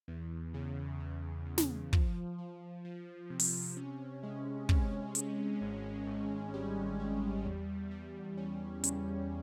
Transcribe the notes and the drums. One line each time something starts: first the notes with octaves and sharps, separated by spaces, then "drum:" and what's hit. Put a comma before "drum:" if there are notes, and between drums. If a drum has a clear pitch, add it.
E2
C#3
C#3
E2
drum: snare
F3, drum: kick
F3
F3
C3
drum: open hi-hat
C#4
G#3
C#4, drum: kick
G#3, drum: hi-hat
G#1
G#1
G3
G3
E2
G3
C#4
C#3, drum: hi-hat